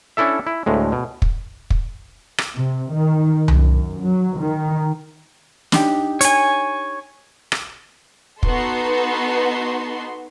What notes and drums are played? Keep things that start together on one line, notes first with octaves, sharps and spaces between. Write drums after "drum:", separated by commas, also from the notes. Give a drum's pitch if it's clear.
C#4 D4 E4 A4 E5
E4
D2 A2 G#3
B2
drum: kick
drum: kick
drum: rim click
C3
D#3
F#2, drum: tom C2
F#3
D#3
D4 D#4 G4, drum: snare
C#5 G#5, drum: hi-hat
drum: rim click
B3 D#4 F#4 A4 C6, drum: kick